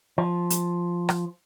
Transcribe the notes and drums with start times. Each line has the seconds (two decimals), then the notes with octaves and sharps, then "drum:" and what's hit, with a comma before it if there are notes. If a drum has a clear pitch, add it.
0.18 F3
0.50 drum: hi-hat
1.09 drum: rim click